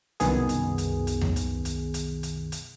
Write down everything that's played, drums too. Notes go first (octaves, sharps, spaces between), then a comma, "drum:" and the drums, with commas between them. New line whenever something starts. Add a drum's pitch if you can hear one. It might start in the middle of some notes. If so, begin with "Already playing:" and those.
C2 F#2 B2 D#3 B3 G#4, drum: hi-hat
drum: hi-hat
drum: hi-hat
drum: hi-hat
drum: tom D#2
drum: hi-hat
drum: hi-hat
drum: hi-hat
drum: hi-hat
drum: hi-hat